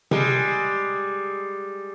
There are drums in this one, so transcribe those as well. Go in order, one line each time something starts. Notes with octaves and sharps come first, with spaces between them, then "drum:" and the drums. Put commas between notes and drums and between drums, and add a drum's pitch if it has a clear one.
G3 G#3, drum: tom C3